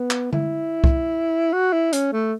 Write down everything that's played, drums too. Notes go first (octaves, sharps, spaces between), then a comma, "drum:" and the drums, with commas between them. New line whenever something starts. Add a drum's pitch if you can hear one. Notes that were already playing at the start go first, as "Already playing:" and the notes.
Already playing: B3
drum: clap
E4, drum: tom D3
drum: kick C2
F#4
E4
C#4, drum: hi-hat
A3